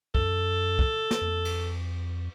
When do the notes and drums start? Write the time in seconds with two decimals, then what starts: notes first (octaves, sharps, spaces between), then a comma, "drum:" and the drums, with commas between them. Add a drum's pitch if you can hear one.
0.15 F#2 A4, drum: kick
0.79 drum: kick
1.11 drum: snare
1.21 F2
1.45 drum: cymbal